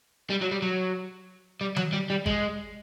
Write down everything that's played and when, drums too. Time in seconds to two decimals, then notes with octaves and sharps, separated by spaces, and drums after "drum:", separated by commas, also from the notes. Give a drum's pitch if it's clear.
0.30 G3
0.42 F#3
0.52 G3
0.62 F#3
1.61 G3
1.76 F#3, drum: tom D#3
1.93 G3
2.10 G3
2.26 G#3, drum: kick G#1